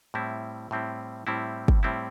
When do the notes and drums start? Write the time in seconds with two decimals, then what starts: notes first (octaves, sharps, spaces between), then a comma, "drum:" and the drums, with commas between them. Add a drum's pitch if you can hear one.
0.14 A2 G3 C4 E4
0.71 A2 G3 C4 E4
1.27 A2 G3 C4 E4
1.68 drum: kick
1.83 A2 G3 C4 E4